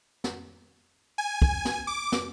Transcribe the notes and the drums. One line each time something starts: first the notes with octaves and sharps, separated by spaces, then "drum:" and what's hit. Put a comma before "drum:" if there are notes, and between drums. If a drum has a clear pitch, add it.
drum: snare
G#5
drum: kick
drum: snare
D6
drum: snare